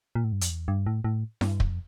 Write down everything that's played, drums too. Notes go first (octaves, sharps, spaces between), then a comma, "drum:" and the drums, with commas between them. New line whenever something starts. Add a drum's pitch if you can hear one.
A#2
A2
G2
F2, drum: hi-hat
E2
G2
A2
A2
G2, drum: snare E4
F2, drum: kick